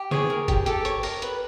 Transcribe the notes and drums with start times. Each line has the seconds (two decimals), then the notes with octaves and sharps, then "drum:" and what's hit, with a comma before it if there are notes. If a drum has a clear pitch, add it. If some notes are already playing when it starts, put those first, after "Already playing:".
Already playing: G4
0.11 G#4 C#5, drum: snare
0.30 A#4
0.48 G4, drum: kick F#1, hi-hat
0.66 G4 A4, drum: hi-hat
0.85 C#5, drum: hi-hat
1.03 A#4, drum: open hi-hat
1.22 B4, drum: hi-hat